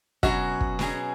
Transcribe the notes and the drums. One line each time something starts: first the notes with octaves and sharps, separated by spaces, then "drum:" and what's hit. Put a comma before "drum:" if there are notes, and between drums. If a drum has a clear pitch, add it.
B2 F#3 C#4 F#4 G#4, drum: kick
drum: kick
B2 F#3 C#4 G#4, drum: snare